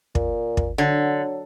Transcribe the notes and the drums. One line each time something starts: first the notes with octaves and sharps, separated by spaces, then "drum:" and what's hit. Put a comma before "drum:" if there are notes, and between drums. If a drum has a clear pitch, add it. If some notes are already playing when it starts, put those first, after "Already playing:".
A#2, drum: kick
drum: kick
D3 F#3